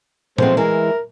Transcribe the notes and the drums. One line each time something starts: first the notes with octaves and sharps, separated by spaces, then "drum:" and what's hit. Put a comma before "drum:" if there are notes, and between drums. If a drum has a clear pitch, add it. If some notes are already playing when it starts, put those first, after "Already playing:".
F3 G#3 A3 B3 C4 C5, drum: tom A#2
E3 G#3 A#4